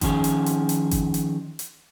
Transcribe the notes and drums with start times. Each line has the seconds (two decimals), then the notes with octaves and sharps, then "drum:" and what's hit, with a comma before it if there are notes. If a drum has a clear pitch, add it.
0.01 D#3 F3 C#4 G#4, drum: kick G1, hi-hat
0.24 drum: hi-hat
0.46 drum: hi-hat
0.69 drum: hi-hat
0.91 drum: kick G1, hi-hat
1.14 drum: hi-hat
1.59 drum: hi-hat